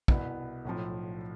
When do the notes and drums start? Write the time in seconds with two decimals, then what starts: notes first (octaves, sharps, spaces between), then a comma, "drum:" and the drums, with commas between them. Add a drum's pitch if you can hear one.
0.08 C2 B2 B3 E4, drum: kick
0.65 B1 A2 F3